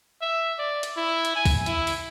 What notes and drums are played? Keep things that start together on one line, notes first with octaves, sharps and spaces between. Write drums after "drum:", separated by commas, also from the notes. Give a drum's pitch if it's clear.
E5
D5
drum: hi-hat
E4
drum: hi-hat
G#5
drum: kick, open hi-hat
E4, drum: hi-hat
drum: open hi-hat